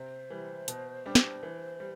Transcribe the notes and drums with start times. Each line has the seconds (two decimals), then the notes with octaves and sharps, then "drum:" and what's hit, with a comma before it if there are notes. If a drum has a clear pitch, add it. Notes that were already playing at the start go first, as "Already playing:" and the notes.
Already playing: C3 C5
0.30 E3 G3
0.68 B2, drum: hi-hat
1.06 G3 D4 G4
1.15 drum: snare
1.43 E3
1.80 G3